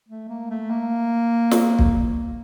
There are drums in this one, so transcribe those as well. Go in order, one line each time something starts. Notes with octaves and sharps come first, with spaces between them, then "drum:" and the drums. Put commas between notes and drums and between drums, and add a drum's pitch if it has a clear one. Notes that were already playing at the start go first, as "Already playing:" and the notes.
A3
A#3
A3
A#3
drum: snare
drum: kick